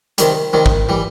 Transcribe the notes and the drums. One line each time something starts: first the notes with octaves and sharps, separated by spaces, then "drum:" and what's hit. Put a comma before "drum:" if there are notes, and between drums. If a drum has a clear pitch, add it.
C3 D#3 G3, drum: hi-hat
C3 D#3 G3
drum: kick
E3 G3